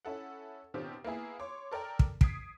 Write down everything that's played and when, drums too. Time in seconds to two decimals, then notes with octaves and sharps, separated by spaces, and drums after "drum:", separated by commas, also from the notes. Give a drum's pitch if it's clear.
0.05 C#4 E4 A4 F#5
0.74 B2 D#3 C4 C#4 F4 G4
1.04 A#3 B3 E4 G#4
1.40 C#5 C6 D6
1.71 A4 A#4 D5 G5 A#5
1.99 drum: kick
2.21 D#6 G#6 B6 C7 D7, drum: kick